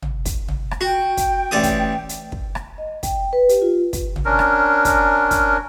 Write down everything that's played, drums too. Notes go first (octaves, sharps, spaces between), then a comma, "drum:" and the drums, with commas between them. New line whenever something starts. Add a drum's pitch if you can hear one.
drum: tom
drum: kick, hi-hat
drum: tom
drum: rim click
F#4 G5
drum: kick, hi-hat
A1 D5 D#6
drum: kick, hi-hat
drum: hi-hat
drum: kick
drum: rim click
D#5
G5, drum: kick, hi-hat
B4
G4, drum: hi-hat
F4
drum: kick, hi-hat
drum: tom
C#4 D4 A#4
drum: rim click
drum: kick, hi-hat
drum: kick, hi-hat